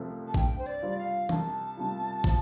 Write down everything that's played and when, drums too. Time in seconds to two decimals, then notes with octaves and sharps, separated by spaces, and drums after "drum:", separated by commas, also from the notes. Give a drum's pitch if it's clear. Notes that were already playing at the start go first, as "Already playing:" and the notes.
Already playing: C2 C3 F3 A3
0.27 A5
0.34 G2 G5, drum: kick
0.58 C5
0.66 D5
0.82 G3 D4 F4 C5
0.98 F5
1.29 C2 A5, drum: tom
1.77 C3 G3 F4
2.24 F3, drum: kick